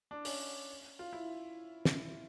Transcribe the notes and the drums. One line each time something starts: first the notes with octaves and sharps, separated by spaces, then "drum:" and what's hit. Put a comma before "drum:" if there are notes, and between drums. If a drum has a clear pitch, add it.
D4
C#4, drum: open hi-hat
F4
E4
drum: snare